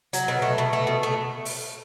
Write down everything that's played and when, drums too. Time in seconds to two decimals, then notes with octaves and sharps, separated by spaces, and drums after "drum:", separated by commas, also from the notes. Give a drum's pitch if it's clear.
0.13 F#3, drum: hi-hat
0.28 B2
0.42 A3
0.58 B2
0.73 A3
0.87 B2
1.03 A3
1.45 drum: open hi-hat